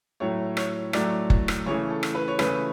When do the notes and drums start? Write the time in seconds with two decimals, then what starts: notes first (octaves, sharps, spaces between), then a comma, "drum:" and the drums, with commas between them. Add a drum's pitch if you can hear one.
0.20 A2 F#3 A3 C#5
0.57 C#5, drum: rim click
0.93 A2 F#3 A3 D5, drum: rim click
1.30 drum: kick F#1
1.48 drum: rim click
1.66 C#3 E3 A3 C#5
1.90 A4
2.03 drum: rim click
2.15 B4
2.28 C#5
2.39 C#3 E3 A3 B4, drum: rim click